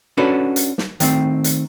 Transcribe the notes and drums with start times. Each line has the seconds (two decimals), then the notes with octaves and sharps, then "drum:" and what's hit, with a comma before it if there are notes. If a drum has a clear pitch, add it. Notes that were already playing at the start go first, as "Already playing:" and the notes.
0.17 C#4 D4 F#4 A4 B4
0.56 drum: hi-hat
0.78 drum: snare
1.00 D#3 A3 C4, drum: hi-hat
1.44 drum: hi-hat